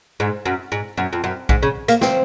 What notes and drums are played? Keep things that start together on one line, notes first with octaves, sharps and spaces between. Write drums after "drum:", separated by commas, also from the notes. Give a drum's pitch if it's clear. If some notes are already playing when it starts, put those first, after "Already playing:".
G#2
F#2
G#2
F#2
F2
F#2
G#2, drum: kick A#1
C#3
A#3, drum: hi-hat
C4, drum: snare